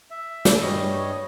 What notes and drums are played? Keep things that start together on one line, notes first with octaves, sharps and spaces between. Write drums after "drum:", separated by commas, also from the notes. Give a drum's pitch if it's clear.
E5
drum: snare
G2 G3 C#5 D#5